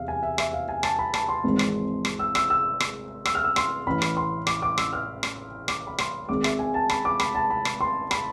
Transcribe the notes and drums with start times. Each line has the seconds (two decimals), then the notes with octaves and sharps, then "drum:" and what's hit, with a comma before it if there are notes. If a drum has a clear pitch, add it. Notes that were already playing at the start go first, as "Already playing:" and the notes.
Already playing: E2 C3 E5 F5
0.08 G#5
0.23 E5
0.38 E5, drum: rim click
0.53 F5
0.69 G#5
0.83 A5, drum: rim click
0.99 B5
1.14 A5, drum: rim click
1.29 C6
1.44 G#1 G#2 E3 G#3 C4
1.59 drum: rim click
2.05 drum: rim click
2.19 E6
2.35 E6, drum: rim click
2.50 E6
2.80 drum: rim click
3.25 E6, drum: rim click
3.35 F6
3.44 E6
3.56 C6, drum: rim click
3.87 A1 A2 E3 B5
4.02 drum: rim click
4.17 C6
4.47 D6, drum: rim click
4.62 D6
4.78 E6, drum: rim click
4.93 F6
5.23 drum: rim click
5.68 D6, drum: rim click
5.87 B5
5.98 C6, drum: rim click
6.29 G#1 G#2 G#3 D6
6.44 E5, drum: rim click
6.59 G#5
6.74 A5
6.90 B5, drum: rim click
7.05 D6
7.20 B5, drum: rim click
7.35 A5
7.50 B5
7.65 drum: rim click
7.81 C6
8.11 B5, drum: rim click